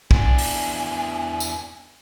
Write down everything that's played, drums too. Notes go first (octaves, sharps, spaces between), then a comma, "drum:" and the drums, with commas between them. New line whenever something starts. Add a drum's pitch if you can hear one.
E2 D4 G#5, drum: kick
drum: open hi-hat
drum: tambourine